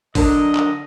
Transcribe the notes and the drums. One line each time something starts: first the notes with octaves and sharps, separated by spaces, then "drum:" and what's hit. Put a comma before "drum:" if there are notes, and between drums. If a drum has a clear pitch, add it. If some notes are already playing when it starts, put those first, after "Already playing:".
D3 F#3 D4 A#4 D#5, drum: kick G#1, open hi-hat
drum: clap